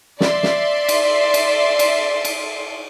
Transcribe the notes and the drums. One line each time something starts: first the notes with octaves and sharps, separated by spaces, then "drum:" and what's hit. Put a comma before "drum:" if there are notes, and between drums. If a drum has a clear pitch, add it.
D5 E5 C6, drum: snare
drum: snare
drum: cymbal
drum: cymbal
drum: cymbal
drum: cymbal